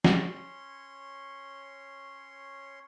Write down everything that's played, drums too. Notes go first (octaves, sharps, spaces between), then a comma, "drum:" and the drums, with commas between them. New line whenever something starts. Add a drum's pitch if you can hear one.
C#4 C#5 C6, drum: snare